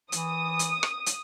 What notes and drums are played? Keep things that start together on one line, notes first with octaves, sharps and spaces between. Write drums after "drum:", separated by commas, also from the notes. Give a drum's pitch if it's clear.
E3 D#6, drum: hi-hat
drum: hi-hat
drum: rim click
drum: hi-hat